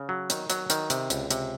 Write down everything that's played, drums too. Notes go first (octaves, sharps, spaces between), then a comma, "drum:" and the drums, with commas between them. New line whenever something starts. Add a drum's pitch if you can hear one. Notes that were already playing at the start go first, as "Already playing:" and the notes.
Already playing: C#3
F#3
D#3, drum: hi-hat
F#3, drum: hi-hat
D#3, drum: hi-hat
C3, drum: hi-hat
C#2, drum: hi-hat
C3, drum: hi-hat